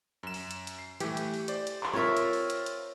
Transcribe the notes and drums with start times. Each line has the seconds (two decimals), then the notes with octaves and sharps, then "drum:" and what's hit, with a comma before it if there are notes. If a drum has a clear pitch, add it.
0.23 F#2 E7
0.34 drum: open hi-hat
0.51 drum: hi-hat
0.67 drum: hi-hat
0.79 C7
1.00 E3 A3 G4, drum: hi-hat
1.17 drum: hi-hat
1.34 drum: open hi-hat
1.48 C5 D5, drum: hi-hat
1.67 drum: hi-hat
1.83 drum: clap
1.93 C4 F4 A#4 C#5 E5
2.17 drum: hi-hat
2.33 drum: open hi-hat
2.50 drum: hi-hat
2.66 drum: hi-hat